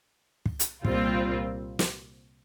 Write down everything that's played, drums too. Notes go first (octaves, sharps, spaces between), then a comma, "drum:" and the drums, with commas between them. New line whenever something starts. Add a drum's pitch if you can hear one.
drum: kick
drum: hi-hat
C2 A#2 G3 C4 F4, drum: kick
drum: snare